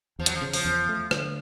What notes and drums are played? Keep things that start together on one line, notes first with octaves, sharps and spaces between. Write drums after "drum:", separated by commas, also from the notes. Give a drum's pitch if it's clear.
E2 F3
F#3, drum: hi-hat
F3
C#3
F3, drum: open hi-hat
E2
A3
D3, drum: rim click